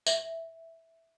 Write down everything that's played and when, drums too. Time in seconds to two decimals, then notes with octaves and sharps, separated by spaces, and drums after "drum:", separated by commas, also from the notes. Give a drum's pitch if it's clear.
0.07 E5, drum: tambourine